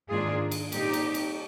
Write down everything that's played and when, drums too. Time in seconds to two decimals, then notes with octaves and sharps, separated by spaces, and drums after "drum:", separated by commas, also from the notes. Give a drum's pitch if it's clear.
0.10 G#2 D#3 A#3 D4 F4 G#4
0.51 drum: cymbal
0.72 A#2 G3 C4 D#4 G4, drum: cymbal
0.93 drum: cymbal
1.14 drum: cymbal